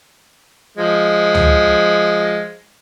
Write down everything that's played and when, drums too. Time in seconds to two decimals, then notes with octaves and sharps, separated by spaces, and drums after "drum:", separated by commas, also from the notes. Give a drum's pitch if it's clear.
0.77 F3 G#3
1.34 drum: tom